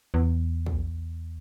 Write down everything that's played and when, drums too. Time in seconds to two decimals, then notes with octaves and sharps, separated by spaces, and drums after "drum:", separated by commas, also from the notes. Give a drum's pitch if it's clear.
0.14 E2
0.66 drum: kick